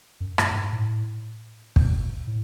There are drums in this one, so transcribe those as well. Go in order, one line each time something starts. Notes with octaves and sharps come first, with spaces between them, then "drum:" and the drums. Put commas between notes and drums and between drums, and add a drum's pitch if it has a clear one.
F#2
G2, drum: rim click
G2
G#2
A2
A#2, drum: kick
A2